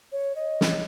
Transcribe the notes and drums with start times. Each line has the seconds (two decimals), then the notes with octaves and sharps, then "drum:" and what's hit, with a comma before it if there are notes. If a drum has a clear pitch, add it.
0.12 C#5
0.35 D#5
0.61 drum: snare